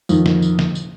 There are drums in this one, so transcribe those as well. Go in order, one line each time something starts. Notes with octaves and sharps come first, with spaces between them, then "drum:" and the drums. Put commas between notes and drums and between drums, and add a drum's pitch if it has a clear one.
F2 D#3, drum: tambourine
drum: snare
drum: tambourine
drum: snare
drum: tambourine